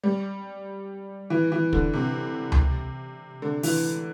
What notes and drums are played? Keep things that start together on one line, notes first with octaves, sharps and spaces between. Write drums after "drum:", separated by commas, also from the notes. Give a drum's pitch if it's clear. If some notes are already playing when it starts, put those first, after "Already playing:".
G3
E3
E3
D3, drum: kick
C3
drum: tom C#2
D3
E3, drum: open hi-hat